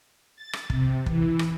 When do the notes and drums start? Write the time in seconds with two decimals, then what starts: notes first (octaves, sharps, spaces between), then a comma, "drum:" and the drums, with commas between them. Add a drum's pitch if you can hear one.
0.36 A6
0.53 drum: rim click
0.70 C3, drum: kick
1.06 E3, drum: kick
1.39 drum: rim click